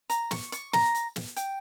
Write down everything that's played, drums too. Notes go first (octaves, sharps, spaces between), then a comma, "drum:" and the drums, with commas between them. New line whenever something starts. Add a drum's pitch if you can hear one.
A#5, drum: hi-hat
C#6, drum: snare
C#6, drum: hi-hat
A#5, drum: snare
drum: hi-hat
drum: snare
G5, drum: hi-hat